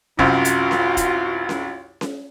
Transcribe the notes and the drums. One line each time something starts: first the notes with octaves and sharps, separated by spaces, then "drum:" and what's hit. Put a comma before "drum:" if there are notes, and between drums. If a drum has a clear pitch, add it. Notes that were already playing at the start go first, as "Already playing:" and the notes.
C2 F#2 F4 F#4, drum: kick
drum: hi-hat
drum: snare C#4
drum: kick, hi-hat
drum: snare C#4
drum: snare C#4